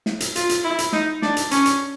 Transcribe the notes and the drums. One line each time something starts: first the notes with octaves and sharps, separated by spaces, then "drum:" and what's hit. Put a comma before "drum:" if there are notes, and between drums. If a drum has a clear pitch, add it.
drum: snare
drum: hi-hat
F4, drum: hi-hat
drum: hi-hat
E4
drum: hi-hat
D#4, drum: snare
D4, drum: snare
drum: hi-hat
C#4, drum: hi-hat
drum: hi-hat